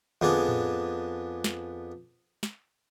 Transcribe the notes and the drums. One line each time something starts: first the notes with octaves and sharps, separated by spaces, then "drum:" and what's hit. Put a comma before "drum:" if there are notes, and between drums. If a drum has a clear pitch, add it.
F2 B3 D4 G#4, drum: tom D3
drum: tom A2
drum: snare
drum: snare